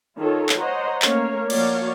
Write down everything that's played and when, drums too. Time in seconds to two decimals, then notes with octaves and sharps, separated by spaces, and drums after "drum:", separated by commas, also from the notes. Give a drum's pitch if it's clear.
0.17 D#3 F4 A4 C#5
0.49 drum: clap
0.58 C5 C#5 D#5 F#5 A#5 C6
1.02 A3 A#3 C#4 A#4 C#5 F5, drum: clap
1.50 F3 A#3 F#4 C#5 D5 F5, drum: cymbal